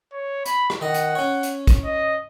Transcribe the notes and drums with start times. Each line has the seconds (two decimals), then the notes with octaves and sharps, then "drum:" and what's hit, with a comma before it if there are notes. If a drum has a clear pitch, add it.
0.12 C#5
0.46 B5, drum: hi-hat
0.70 drum: rim click
0.81 D#3 D#5 F#5
0.94 drum: hi-hat
1.15 C#4 C#5
1.43 drum: hi-hat
1.67 drum: kick, hi-hat
1.85 D#5